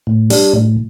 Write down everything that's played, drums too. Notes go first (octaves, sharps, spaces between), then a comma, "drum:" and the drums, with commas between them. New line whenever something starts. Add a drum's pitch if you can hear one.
A2
G3 D4, drum: open hi-hat
A2